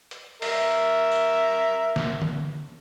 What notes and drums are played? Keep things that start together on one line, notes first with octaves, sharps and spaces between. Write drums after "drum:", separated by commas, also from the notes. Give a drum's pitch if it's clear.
drum: hi-hat
A#4 E5, drum: open hi-hat
drum: tambourine
drum: snare
drum: tom D3